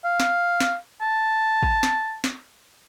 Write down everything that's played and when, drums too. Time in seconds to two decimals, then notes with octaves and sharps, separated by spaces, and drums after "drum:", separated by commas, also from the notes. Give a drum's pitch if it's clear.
0.05 F5
0.20 drum: snare
0.60 drum: snare
1.01 A5
1.63 drum: kick
1.83 drum: snare
2.24 drum: snare